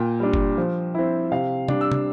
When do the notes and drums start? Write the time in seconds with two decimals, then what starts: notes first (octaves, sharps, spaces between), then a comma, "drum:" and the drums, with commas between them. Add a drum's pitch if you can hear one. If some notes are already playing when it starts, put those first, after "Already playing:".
Already playing: A#2 G5
0.20 G3 D4
0.34 drum: kick F#1
0.57 F3
0.94 C4 E4
1.31 C3 F5
1.68 G3 D4, drum: tom
1.81 E6
1.92 drum: tom